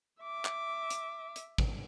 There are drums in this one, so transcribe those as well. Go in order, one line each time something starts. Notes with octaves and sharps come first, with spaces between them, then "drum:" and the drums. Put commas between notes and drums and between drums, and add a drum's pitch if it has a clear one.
E5 D6
drum: clap
drum: hi-hat
drum: hi-hat
drum: kick